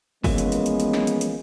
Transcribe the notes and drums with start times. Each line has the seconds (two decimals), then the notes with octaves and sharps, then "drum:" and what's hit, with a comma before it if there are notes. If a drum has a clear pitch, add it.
0.24 E3 F3 G#3 A#3 B3 C#4, drum: kick G1, open hi-hat
0.38 drum: hi-hat
0.52 drum: hi-hat
0.66 drum: hi-hat
0.80 drum: hi-hat
0.93 drum: snare
1.07 drum: hi-hat
1.21 drum: hi-hat